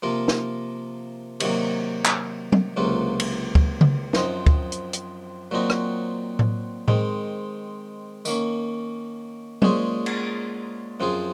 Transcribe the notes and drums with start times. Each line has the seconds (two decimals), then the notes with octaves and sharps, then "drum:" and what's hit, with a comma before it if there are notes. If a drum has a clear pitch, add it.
0.02 C3 F3 A#3 F4 A#4
0.28 drum: snare
1.40 C3 D#3 F#3 A#3, drum: cymbal
2.05 drum: clap
2.52 drum: tom F#3
2.77 C#2 C3 F#3 A#3 F4
3.20 drum: cymbal
3.55 drum: kick
3.81 drum: tom C#3
4.13 F#2 F3 C4 D#4, drum: snare
4.46 drum: kick
4.72 drum: hi-hat
4.93 drum: hi-hat
5.51 A#2 F#3 C4 D#4 F#4
5.70 drum: rim click
6.39 drum: tom A2
6.88 D#3 G#3 C4, drum: tom A2
8.25 D#3 A#3 C#4, drum: tambourine
9.62 A#2 G#3 C#4 G#4 C5, drum: tom F#3
10.06 drum: cymbal
11.00 F#2 F3 C4 F4 G#4